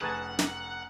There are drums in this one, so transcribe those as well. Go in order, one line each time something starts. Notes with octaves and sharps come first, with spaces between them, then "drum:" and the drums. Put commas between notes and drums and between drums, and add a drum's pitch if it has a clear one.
F1 C#4 D#4 G#4 B4 F#5 G#5 A5
drum: snare